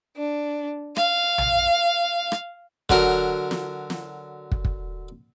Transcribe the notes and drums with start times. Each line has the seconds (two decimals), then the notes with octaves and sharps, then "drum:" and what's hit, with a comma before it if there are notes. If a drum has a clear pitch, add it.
0.17 D4
0.96 F5, drum: rim click
1.38 drum: tom
2.32 drum: rim click
2.89 D3 F#3 A#4, drum: kick
3.51 drum: snare
3.90 drum: snare
4.51 drum: kick
4.65 drum: kick